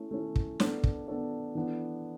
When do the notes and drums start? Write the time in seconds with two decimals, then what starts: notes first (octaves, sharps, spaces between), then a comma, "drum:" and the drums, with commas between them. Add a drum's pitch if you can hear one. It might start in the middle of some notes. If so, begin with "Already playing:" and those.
Already playing: A3 C#4 E4
0.11 A3 C#4 E4
0.36 drum: kick
0.60 B3 D4 A4 C#5, drum: snare
0.84 drum: kick
1.07 B3 D4 A4 C#5
1.55 E3 B3 D4 A4